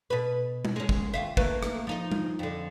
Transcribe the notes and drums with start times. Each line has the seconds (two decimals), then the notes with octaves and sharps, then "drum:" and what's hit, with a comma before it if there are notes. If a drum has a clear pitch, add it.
0.10 B2 B4
0.65 drum: tom G3
0.76 G#3 C#4
0.89 drum: kick
1.14 D#2 F4 E5
1.37 A3 A#3 B4, drum: kick
1.63 drum: rim click
1.87 F3 D#4 D#5
2.12 drum: tom G3
2.39 F2 D3